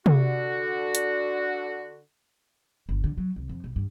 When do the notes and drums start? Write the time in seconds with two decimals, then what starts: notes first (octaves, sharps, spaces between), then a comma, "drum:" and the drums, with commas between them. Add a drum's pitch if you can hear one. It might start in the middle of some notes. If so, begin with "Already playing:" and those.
0.06 D3 F#4, drum: tom C3
0.95 drum: hi-hat
2.89 G1
3.04 D3
3.17 F#3
3.36 C2
3.49 F2
3.64 B1
3.76 G2